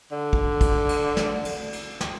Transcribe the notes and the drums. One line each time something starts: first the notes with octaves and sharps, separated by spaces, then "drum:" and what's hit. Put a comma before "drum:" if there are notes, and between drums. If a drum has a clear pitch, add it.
D3
drum: kick
drum: kick, cymbal
drum: cymbal
drum: snare
drum: cymbal
drum: cymbal
drum: snare